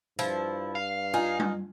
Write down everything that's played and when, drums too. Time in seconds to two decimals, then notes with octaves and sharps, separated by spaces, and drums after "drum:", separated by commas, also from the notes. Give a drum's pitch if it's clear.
0.19 G2 F3 E4, drum: tambourine
0.75 F5
1.14 D#4 F4 G#5
1.39 drum: tom G3